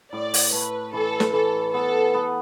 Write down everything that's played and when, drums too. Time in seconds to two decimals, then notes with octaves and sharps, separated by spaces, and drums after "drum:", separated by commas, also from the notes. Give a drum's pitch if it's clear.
0.12 A2 D5
0.34 drum: open hi-hat
0.52 A3 B4
0.93 E3 A4
1.20 drum: snare
1.33 E3 A4
1.74 B3 A4
2.14 B3